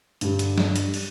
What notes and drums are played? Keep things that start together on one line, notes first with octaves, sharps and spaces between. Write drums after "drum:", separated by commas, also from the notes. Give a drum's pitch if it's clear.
G2 D3 G3, drum: hi-hat
drum: hi-hat
D4, drum: snare
drum: hi-hat
drum: open hi-hat